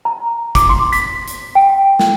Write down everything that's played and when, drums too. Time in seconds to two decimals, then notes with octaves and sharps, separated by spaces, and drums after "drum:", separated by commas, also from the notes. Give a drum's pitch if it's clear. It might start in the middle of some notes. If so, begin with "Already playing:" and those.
0.05 A#5
0.55 D6, drum: kick, hi-hat
0.69 C6
0.92 B6, drum: hi-hat
1.27 drum: hi-hat
1.55 G5
1.99 drum: snare